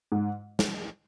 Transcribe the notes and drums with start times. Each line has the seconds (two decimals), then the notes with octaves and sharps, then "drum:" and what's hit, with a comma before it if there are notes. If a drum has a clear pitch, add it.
0.12 G#2
0.59 drum: snare